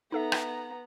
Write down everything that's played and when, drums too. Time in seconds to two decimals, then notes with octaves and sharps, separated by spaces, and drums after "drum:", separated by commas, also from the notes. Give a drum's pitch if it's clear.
0.12 B3 D#4 A4 E5 A#5
0.32 drum: rim click